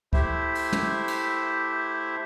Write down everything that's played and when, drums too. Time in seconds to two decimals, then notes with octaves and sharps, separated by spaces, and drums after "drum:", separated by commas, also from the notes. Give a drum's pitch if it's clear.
0.13 A3 E4 G4 C5 E5, drum: kick C#2
0.55 drum: open hi-hat
0.73 drum: tom
1.08 drum: cymbal